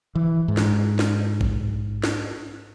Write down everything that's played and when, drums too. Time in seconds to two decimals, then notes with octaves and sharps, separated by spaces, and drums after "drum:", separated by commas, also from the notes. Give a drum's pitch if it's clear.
0.15 E3
0.48 G#2
0.57 drum: snare
0.99 drum: snare
1.41 drum: kick
2.04 drum: snare